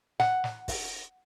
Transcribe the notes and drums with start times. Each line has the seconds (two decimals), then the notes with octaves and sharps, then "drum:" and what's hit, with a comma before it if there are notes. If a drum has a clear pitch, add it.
0.20 F#5, drum: snare
0.44 drum: snare
0.68 drum: kick, open hi-hat